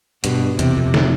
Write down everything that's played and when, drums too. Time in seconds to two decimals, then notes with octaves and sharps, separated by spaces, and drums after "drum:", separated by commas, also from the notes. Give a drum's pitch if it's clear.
0.24 G2 B2, drum: hi-hat
0.59 E2 C3, drum: hi-hat
0.77 F2
0.94 drum: snare